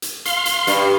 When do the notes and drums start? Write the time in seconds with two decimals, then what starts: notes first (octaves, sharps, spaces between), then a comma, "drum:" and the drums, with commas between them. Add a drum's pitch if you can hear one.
0.02 drum: hi-hat
0.26 F5 C6, drum: hi-hat
0.46 drum: hi-hat
0.67 G2, drum: hi-hat